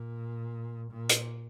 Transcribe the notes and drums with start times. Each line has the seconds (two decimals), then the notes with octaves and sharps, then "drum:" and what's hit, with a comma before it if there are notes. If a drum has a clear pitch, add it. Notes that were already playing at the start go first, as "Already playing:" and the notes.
Already playing: A#2
0.92 A#2
1.09 drum: hi-hat